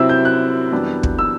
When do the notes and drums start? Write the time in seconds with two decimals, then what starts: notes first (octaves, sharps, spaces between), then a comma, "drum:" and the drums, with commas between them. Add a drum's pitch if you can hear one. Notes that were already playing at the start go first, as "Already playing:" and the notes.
Already playing: C3 F#3 C4 E4 E6
0.09 G6
0.25 F#6
0.72 F#2 E3 G3 B3 D4
1.03 drum: kick
1.19 E6